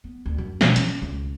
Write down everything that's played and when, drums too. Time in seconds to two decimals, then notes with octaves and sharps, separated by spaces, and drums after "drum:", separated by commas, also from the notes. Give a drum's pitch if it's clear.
0.04 B3
0.26 D2
0.38 F#2
0.61 B2, drum: snare
0.76 C#4, drum: hi-hat
1.02 C#2